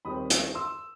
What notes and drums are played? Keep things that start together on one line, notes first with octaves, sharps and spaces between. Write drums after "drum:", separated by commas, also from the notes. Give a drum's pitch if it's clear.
D#2 D#3 G3 C4 B5 D#6
drum: hi-hat
C6 E6